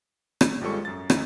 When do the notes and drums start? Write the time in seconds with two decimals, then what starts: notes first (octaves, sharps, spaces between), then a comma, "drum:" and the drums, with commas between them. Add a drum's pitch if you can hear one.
0.41 drum: rim click
0.61 G#1 G3 G#3 F4 A4 C#6
0.85 F#2 A6
1.10 D2 C#4 D#4 E4, drum: rim click